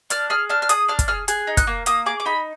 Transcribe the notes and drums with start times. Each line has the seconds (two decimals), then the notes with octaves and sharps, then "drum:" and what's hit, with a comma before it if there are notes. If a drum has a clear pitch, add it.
0.10 D4 F6, drum: hi-hat
0.30 G#4 F6
0.49 D4 F6
0.62 F6
0.69 G#4 D#6, drum: hi-hat
0.88 D4 F6
0.99 drum: kick, hi-hat
1.08 G#4 F6
1.28 G#4 F#6, drum: hi-hat
1.47 D#4
1.57 F#6, drum: kick, hi-hat
1.67 A#3
1.86 A#3 D#6, drum: hi-hat
2.06 G#4 D6
2.20 D6
2.25 D#4 B5